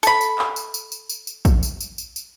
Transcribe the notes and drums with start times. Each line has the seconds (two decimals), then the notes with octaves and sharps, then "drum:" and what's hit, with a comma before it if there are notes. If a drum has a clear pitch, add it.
0.03 A4 B5, drum: tambourine
0.21 drum: tambourine
0.39 drum: clap
0.56 drum: tambourine
0.74 drum: tambourine
0.92 drum: tambourine
1.09 drum: tambourine
1.27 drum: tambourine
1.45 drum: kick, tambourine
1.63 drum: tambourine
1.80 drum: tambourine
1.98 drum: tambourine
2.16 drum: tambourine